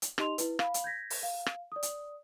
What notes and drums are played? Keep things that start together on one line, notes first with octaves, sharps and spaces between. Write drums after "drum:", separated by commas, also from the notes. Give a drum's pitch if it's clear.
drum: hi-hat
D#4 G4 D#5 C6 F7, drum: rim click
E4 B4, drum: hi-hat
F5 B5, drum: rim click
drum: hi-hat
G6 G#6 A#6 B6
drum: open hi-hat
F5
drum: rim click
D5 D#6
drum: hi-hat